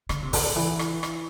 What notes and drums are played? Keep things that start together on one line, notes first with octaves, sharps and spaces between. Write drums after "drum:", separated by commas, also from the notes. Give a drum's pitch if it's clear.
D3, drum: rim click
C3
D3, drum: kick, open hi-hat
E3
drum: rim click
drum: rim click